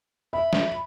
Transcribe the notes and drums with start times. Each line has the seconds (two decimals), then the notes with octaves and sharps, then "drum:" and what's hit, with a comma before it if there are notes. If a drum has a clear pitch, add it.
0.33 E5 B5
0.53 drum: snare